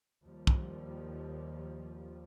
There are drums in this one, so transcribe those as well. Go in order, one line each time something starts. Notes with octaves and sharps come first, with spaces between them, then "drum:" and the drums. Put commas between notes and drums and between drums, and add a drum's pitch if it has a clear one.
D#2 F3 G3
drum: kick